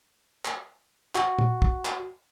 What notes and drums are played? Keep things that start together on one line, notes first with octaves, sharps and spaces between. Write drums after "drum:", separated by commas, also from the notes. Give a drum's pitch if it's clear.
drum: clap
F#4, drum: clap
drum: tom
drum: kick
drum: clap